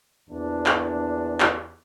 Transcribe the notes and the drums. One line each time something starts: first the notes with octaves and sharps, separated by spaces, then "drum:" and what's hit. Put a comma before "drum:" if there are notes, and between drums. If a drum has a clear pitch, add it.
A#1 E2 D4
drum: clap
drum: clap